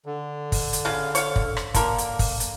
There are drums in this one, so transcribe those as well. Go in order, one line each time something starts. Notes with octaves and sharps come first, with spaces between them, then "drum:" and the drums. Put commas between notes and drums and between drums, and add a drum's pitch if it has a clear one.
D3
drum: kick, open hi-hat
drum: hi-hat
C#3 F5
C#5 F5, drum: hi-hat
drum: kick
drum: rim click
D3 A#3 A#4, drum: kick, hi-hat
drum: hi-hat
drum: kick, open hi-hat
drum: hi-hat